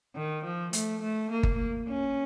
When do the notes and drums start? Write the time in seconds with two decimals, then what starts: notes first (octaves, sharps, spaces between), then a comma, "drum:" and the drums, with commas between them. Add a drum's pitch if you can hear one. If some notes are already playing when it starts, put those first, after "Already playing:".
0.16 D#3
0.44 F3
0.73 A3, drum: hi-hat
1.02 A3
1.31 A#3
1.43 drum: kick G1
1.88 C#4